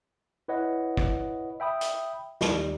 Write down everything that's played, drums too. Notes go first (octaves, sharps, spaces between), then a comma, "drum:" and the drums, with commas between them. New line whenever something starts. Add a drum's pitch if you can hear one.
E4 B4 C#5 D#5 F#5
drum: kick
E5 G5 B5 D#6
drum: hi-hat
D#2 G3 D#4 G4, drum: snare